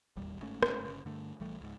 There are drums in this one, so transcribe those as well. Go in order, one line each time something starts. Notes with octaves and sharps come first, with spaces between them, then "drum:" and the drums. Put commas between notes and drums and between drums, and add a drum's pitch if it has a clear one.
E1 A1 D#2 G3
G1 G#2 A3 C#4
drum: rim click
G1 C#3
G2 D3 A3
A#1 E3 G3 A3
C#2 G#2